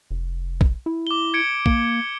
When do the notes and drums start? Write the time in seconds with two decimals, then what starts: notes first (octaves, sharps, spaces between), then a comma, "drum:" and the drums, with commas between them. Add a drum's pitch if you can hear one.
0.11 F1
0.61 drum: kick
0.86 E4
1.07 D6 G7
1.34 G#6 C#7 D7
1.66 A#3, drum: kick